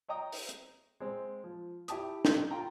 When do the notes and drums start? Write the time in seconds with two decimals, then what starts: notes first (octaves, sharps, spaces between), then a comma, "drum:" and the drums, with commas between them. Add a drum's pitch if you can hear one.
0.08 C#5 D#5 G5 A#5 D#6
0.32 drum: open hi-hat
0.49 drum: hi-hat
1.00 G#3 C4
1.44 F3
1.88 E4 G4 A5 D#6, drum: hi-hat
2.25 drum: snare
2.51 F4 G5 A#5